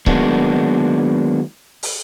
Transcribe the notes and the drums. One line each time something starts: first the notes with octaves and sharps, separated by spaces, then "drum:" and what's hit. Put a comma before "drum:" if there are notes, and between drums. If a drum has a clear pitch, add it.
D#3 F#3 G#3 A#3 B3 D4, drum: kick C#1
drum: open hi-hat